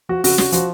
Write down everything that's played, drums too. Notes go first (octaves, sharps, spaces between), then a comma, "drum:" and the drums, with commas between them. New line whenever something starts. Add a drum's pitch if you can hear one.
F3 F#4
C#3 F#4, drum: open hi-hat
C#4 F#4, drum: snare
F3 F#4, drum: hi-hat